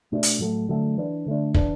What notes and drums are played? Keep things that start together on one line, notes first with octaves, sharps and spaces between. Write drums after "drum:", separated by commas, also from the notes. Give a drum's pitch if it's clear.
B2 A3 D4
drum: hi-hat
A2 F#3 A3
D3 F#3 A3
E3 D4
D3 A3 D4
E3 D4, drum: kick